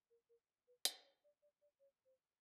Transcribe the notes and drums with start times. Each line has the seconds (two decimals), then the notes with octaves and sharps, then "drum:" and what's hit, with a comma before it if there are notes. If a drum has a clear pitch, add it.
0.10 A#4
0.29 A#4
0.68 B4
0.85 C5, drum: hi-hat
1.04 C#5
1.24 D5
1.42 D5
1.62 D5
1.80 C#5
2.05 C5